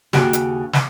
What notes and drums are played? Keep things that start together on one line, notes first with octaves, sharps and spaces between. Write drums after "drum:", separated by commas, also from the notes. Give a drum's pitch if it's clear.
D#2 C#3 F#4 G4, drum: snare
drum: hi-hat
drum: snare